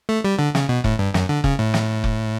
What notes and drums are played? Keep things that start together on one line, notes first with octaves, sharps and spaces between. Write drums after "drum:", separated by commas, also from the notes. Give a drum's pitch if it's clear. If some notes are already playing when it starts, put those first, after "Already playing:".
A3
G3
D3
C#3, drum: snare
B2
A2, drum: kick F1
G2
F#2, drum: snare
D3
C#3, drum: kick F1
A2
drum: snare
drum: kick F1